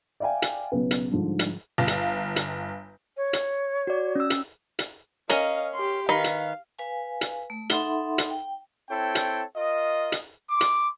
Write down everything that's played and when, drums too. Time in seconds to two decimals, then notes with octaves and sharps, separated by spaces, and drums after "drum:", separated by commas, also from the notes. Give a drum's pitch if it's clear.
0.20 D5 E5 F5 G5 G#5
0.42 drum: hi-hat
0.72 B1 C#3 B3
0.91 drum: hi-hat
1.11 G#2 D3 F3 G3
1.39 drum: hi-hat
1.78 G1 F5
1.88 drum: hi-hat
2.36 drum: hi-hat
3.17 C#5
3.33 drum: hi-hat
3.87 F#4 D5
4.15 C#4 E6
4.30 drum: hi-hat
4.79 drum: hi-hat
5.30 C#4 A#4 D#5 F5, drum: hi-hat
5.75 G4 C6
6.09 D#3 B4 F5
6.24 drum: hi-hat
6.79 B4 F5 G#5
7.21 drum: hi-hat
7.50 A3
7.70 D#4 A4 E5 F#5 B5 C6, drum: hi-hat
8.18 drum: hi-hat
8.30 G5
8.90 C4 E4 A4 C#5 G5
9.15 drum: hi-hat
9.56 F4 A#4 D#5
10.12 drum: hi-hat
10.49 C6 D6
10.61 drum: hi-hat